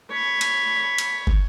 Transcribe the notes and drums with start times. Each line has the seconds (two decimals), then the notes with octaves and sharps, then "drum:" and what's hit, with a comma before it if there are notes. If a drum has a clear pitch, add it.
0.12 C#5 B5
0.41 drum: cymbal
0.98 drum: cymbal
1.27 drum: kick